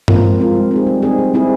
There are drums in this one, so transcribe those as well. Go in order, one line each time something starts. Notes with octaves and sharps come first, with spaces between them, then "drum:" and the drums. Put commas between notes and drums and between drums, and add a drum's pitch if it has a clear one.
G#3 C4 F4 A#4, drum: tom G2
F3
G#3 C4 F4 A#4
G3
C4 D#4 G#4
G3
C4 D#4 G#4
G3
C4 E4 G#4